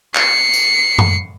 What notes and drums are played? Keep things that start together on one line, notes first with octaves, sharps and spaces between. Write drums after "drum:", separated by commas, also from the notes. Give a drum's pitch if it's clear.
C7 C#7, drum: clap
drum: tambourine
drum: tom F#2